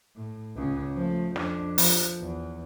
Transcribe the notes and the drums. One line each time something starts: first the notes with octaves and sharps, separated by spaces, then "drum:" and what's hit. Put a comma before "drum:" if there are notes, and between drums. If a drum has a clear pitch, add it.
A2
C#2 C#3
F3 A3
F2 D4, drum: snare
F3, drum: open hi-hat
E2